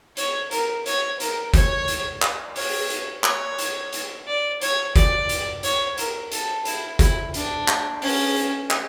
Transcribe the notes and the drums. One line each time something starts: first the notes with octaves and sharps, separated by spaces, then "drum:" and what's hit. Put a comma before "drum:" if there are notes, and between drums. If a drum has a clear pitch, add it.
C#5, drum: hi-hat
A#4, drum: hi-hat
C#5, drum: hi-hat
A#4, drum: hi-hat
C#5, drum: kick, hi-hat
drum: hi-hat
drum: clap
C#5, drum: open hi-hat
drum: hi-hat
C#5, drum: clap
drum: hi-hat
drum: hi-hat
D5
C#5, drum: hi-hat
D5, drum: kick, hi-hat
drum: hi-hat
C#5, drum: hi-hat
A#4, drum: hi-hat
A4, drum: hi-hat
E4, drum: hi-hat
E4, drum: kick, hi-hat
D4, drum: hi-hat
drum: clap
C#4, drum: open hi-hat
drum: hi-hat
drum: clap